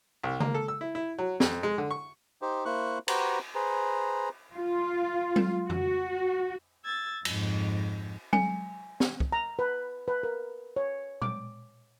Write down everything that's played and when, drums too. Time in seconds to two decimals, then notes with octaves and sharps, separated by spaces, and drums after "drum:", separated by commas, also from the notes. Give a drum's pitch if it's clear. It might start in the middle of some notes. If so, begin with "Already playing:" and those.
0.24 C2
0.40 A#3, drum: tom C#3
0.54 A4
0.68 E6
0.81 E4
0.95 E4
1.18 F#3
1.40 F2, drum: snare
1.63 G#3
1.78 D3
1.91 C#6
2.42 D#4 G4 C5
2.65 A#3 E4 C5 C#6 F#6
3.08 F#4 G4 B4 C5 G5 A#5, drum: cymbal
3.55 G#4 B4 C5 A#5
4.55 F4
5.36 drum: tom F#3
5.70 F#4, drum: tom
6.84 E6 G#6 A6
7.25 F2 G#2, drum: cymbal
8.33 G#5, drum: tom F#3
9.00 drum: snare
9.20 drum: kick
9.32 A#5
9.59 B4
10.08 B4
10.23 A#4
10.76 C#5
11.22 D6, drum: tom A#2